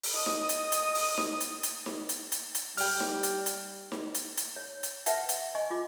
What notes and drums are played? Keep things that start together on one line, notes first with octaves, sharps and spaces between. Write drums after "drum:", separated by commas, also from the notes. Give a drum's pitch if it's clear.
drum: open hi-hat
D#5 D#6
drum: snare D#4
drum: hi-hat
drum: hi-hat
drum: open hi-hat
drum: snare D#4
drum: hi-hat
drum: hi-hat
drum: snare D#4
drum: hi-hat
drum: hi-hat
drum: hi-hat
G3 G5 F6, drum: open hi-hat
drum: snare D#4
drum: hi-hat
drum: hi-hat
drum: snare D#4
drum: hi-hat
drum: hi-hat
C#5
drum: hi-hat
B4 E5 F#5 G5 A5, drum: hi-hat
drum: hi-hat
D#5 G#5 C#6
F4 D6